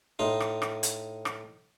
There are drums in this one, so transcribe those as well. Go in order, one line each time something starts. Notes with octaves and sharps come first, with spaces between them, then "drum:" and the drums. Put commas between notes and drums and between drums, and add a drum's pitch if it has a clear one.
A2 D#4 F4
drum: rim click
drum: rim click
drum: hi-hat
drum: rim click